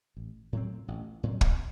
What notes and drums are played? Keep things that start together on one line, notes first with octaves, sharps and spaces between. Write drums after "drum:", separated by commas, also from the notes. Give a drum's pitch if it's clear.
A1
A2 F#3 C4
A1
A2 F#3 C4
drum: kick